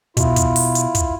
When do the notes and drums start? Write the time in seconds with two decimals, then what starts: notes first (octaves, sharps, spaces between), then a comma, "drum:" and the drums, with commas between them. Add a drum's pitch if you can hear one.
0.17 B2 E4 F4, drum: kick, hi-hat
0.36 drum: kick, hi-hat
0.56 drum: open hi-hat
0.75 drum: hi-hat
0.95 drum: kick, hi-hat